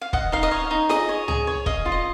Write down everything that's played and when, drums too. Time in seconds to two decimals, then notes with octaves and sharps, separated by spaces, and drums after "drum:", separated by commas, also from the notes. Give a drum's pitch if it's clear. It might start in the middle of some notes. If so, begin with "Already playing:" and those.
0.02 F5
0.13 D#5 F#5, drum: kick
0.32 D#4 F5
0.43 D#5
0.51 C#5 F5
0.71 D#4
0.89 G#4 D#5, drum: snare F4
1.09 C#5
1.28 G#4, drum: tom C2
1.47 C#5
1.66 D#5 F5, drum: kick
1.85 F4
1.92 D#5